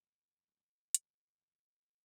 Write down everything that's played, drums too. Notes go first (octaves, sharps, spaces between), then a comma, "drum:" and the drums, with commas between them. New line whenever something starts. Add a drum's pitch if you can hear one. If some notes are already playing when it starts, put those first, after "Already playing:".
Already playing: G2 F#3 A3 D4
F#2 C#3 E3 G3
drum: hi-hat
E2 D3 A3 E4